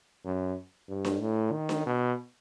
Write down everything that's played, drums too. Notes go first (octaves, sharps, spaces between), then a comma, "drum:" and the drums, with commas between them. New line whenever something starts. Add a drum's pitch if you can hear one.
F#2
G2
drum: snare D4
A2
D#3
drum: snare D4
B2